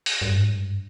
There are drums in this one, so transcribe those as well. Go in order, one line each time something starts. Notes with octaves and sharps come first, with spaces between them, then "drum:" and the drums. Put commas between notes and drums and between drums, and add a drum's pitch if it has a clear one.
drum: open hi-hat
G2
G#2
G2